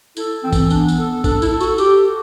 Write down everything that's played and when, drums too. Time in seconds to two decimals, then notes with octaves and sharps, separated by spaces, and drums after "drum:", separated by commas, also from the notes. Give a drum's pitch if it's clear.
0.17 E4 A4, drum: tambourine
0.44 E3 C4
0.53 drum: kick, tambourine
0.70 B3 D4, drum: tambourine
0.88 drum: tambourine
0.98 A4
1.24 D4 A4, drum: kick, tambourine
1.42 E4, drum: tambourine
1.51 A4
1.60 F#4, drum: tambourine
1.78 G4 A4, drum: tambourine
2.05 F#4